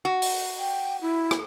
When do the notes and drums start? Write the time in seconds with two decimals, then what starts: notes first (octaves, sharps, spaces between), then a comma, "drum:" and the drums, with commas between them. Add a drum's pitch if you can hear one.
0.05 F#4
0.22 drum: open hi-hat
0.58 G5
1.01 E4
1.31 drum: rim click